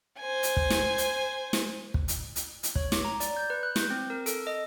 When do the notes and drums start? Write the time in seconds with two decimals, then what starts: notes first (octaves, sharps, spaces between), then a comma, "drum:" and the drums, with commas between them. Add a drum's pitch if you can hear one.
0.20 C5 G#5
0.43 drum: hi-hat
0.57 drum: kick
0.70 drum: snare
0.98 drum: hi-hat
1.53 drum: snare
1.94 drum: kick
2.08 drum: hi-hat
2.36 drum: hi-hat
2.63 drum: hi-hat
2.75 C#5, drum: kick
2.92 D6, drum: snare
3.04 A#5
3.20 D5, drum: hi-hat
3.36 G6
3.50 B4
3.63 F#6
3.76 G6, drum: snare
3.90 C4
4.10 A#4
4.26 A4, drum: hi-hat
4.47 D#5